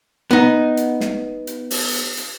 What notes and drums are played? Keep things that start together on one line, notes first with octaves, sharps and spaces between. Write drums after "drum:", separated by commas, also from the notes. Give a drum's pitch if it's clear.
B3 D#4
drum: hi-hat
drum: snare
drum: hi-hat
drum: open hi-hat
drum: hi-hat
drum: hi-hat